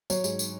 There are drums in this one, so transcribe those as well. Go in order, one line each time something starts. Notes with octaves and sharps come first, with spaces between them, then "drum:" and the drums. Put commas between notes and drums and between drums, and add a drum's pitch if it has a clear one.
F#3 C#5, drum: tambourine
G#2, drum: tambourine
drum: tambourine